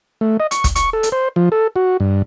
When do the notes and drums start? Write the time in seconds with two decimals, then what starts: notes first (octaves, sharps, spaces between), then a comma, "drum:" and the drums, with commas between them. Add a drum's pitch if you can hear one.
0.21 A3
0.40 D#5
0.51 C#6, drum: hi-hat
0.64 drum: kick, hi-hat
0.76 C#6, drum: hi-hat
0.93 A4
1.03 drum: hi-hat
1.12 C5
1.36 F3
1.52 A4
1.76 F#4
2.00 G2